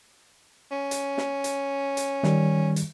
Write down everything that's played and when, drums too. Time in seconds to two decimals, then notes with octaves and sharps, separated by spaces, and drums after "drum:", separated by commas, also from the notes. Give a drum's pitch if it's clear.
0.71 C#4
0.91 drum: hi-hat
1.18 drum: snare
1.44 drum: hi-hat
1.97 drum: hi-hat
2.23 D#3 G3, drum: snare
2.76 drum: hi-hat